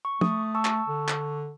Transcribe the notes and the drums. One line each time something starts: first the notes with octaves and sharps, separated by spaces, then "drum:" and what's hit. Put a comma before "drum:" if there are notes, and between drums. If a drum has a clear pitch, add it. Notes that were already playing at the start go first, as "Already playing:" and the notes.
C#6
A3 D#6, drum: tom
A5 C#6 E6
drum: clap
D3
drum: clap